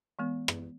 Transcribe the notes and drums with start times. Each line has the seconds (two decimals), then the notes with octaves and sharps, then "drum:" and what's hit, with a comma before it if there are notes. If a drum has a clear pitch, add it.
0.19 E3 G#3 B3
0.48 drum: rim click